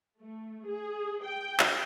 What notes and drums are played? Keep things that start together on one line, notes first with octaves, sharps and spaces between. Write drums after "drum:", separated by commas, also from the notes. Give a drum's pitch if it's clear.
A3
G#4
G5
drum: clap